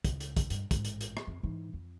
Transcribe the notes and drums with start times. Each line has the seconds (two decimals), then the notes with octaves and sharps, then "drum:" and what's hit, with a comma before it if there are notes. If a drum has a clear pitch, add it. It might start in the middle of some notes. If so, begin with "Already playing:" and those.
0.04 C#2, drum: kick, hi-hat
0.20 drum: hi-hat
0.37 drum: kick, hi-hat
0.50 G2, drum: hi-hat
0.71 A1 G#2, drum: kick, hi-hat
0.85 drum: hi-hat
1.01 drum: hi-hat
1.17 drum: rim click
1.27 F2
1.43 G#2 E3
1.74 F2